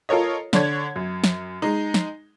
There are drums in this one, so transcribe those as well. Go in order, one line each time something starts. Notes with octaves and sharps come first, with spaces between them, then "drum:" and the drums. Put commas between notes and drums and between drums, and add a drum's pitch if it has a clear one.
F4 A4 A#4 C#5 D#5
D3 D4 C#5 G#6, drum: snare
F#2
drum: snare
G#3 D#4
drum: snare